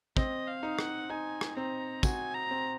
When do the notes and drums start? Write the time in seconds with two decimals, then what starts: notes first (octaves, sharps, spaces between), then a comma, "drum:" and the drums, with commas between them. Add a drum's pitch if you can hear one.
0.17 C4 D#5, drum: kick
0.47 F5
0.63 D#4
0.79 F#5, drum: rim click
1.10 D#4 G#5
1.41 drum: rim click
1.57 C4 A#5
2.03 F#4 G#5, drum: kick, tambourine
2.34 A#5
2.51 C4